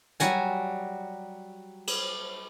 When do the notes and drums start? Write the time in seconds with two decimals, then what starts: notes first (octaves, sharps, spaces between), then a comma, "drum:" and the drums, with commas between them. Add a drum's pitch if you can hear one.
0.20 F#3 G3 F#4 G#5, drum: hi-hat
1.87 drum: cymbal